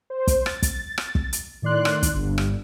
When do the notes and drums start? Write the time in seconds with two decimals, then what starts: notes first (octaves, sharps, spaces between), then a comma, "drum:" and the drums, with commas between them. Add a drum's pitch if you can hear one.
0.10 C5
0.28 drum: kick, hi-hat
0.46 A6, drum: rim click
0.63 drum: kick, hi-hat
0.98 drum: rim click
1.15 drum: kick
1.33 drum: hi-hat
1.62 A2 D#3 D5 C6 F#6
1.85 drum: rim click
2.03 drum: kick, hi-hat
2.14 G1 G2
2.38 drum: rim click